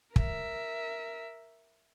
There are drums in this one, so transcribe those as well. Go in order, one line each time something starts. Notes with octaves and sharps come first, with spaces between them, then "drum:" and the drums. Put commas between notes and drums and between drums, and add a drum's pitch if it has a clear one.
A#4 E5, drum: kick